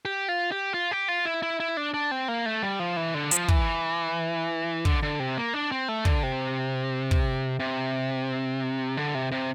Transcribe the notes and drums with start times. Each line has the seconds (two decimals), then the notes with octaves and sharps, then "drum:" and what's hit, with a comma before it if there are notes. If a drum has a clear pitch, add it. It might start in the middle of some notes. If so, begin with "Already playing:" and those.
0.05 G4
0.28 F4
0.52 G4
0.74 F4
0.91 G4
1.08 F4
1.25 E4
1.42 E4
1.60 E4
1.77 D4
1.94 D4
2.11 C4
2.28 A#3
2.46 A3
2.63 G3
2.80 F3
2.97 E3
3.14 D3
3.31 F3, drum: hi-hat
3.48 E3, drum: kick
4.85 D3, drum: kick
5.03 D3
5.20 C3
5.38 A#3
5.54 D4
5.72 C4
5.88 A3
6.05 D3, drum: kick
6.23 C3
7.11 drum: kick
7.60 C3
8.97 D3
9.15 C3
9.32 C3